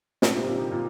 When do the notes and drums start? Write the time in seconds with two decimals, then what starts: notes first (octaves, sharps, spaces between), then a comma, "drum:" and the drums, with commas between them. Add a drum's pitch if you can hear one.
0.22 A#2 D3 G3 A#3 D#4, drum: snare
0.36 C3
0.47 A#2
0.72 A#2